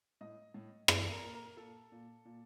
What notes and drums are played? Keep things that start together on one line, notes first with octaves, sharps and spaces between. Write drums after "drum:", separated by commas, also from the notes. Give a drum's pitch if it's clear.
A2 D#5
A2
A#2 D5, drum: rim click
A4
A#4
A#2 A#4
A#4
A#4
A#2 A4
A#2
A#2